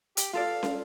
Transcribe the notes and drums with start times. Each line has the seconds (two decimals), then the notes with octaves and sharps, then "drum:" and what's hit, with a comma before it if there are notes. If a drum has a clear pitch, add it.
0.17 G4, drum: hi-hat
0.33 F4 A4 D5 F5
0.63 drum: snare